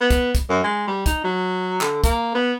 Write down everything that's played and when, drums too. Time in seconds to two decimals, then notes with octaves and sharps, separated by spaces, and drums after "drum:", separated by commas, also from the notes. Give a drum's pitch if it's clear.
0.01 B3
0.11 drum: kick, hi-hat
0.35 drum: kick, hi-hat
0.50 F#2
0.64 G#3
0.88 G3
1.06 D#4, drum: kick, hi-hat
1.24 F#3
1.81 D3, drum: clap
2.04 A#3, drum: kick, hi-hat
2.35 B3